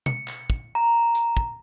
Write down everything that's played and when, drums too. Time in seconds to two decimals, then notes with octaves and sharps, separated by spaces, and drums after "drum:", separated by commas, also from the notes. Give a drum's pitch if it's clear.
0.06 C#7, drum: tom B2
0.28 drum: clap
0.50 drum: kick
0.75 A#5
1.15 drum: hi-hat
1.37 drum: kick